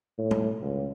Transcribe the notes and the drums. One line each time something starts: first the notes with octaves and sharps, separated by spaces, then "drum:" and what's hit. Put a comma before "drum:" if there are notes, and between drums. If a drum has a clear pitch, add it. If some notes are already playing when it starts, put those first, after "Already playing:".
A2
drum: tom
C#2